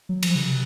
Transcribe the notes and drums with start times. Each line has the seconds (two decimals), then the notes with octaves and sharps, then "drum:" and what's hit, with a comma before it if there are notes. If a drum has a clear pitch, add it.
0.09 F#3
0.23 F3, drum: cymbal
0.35 C#3
0.48 C3